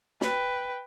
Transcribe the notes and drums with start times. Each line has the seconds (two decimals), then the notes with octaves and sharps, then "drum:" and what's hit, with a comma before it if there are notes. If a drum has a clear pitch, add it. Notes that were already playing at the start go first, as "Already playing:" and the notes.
0.21 B4 G5, drum: snare